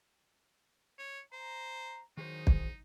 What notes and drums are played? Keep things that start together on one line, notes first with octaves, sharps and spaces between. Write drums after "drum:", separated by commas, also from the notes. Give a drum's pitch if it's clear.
C#5
C5 A#5
E2 D#3 F#3 D#4 G#4 C5
drum: kick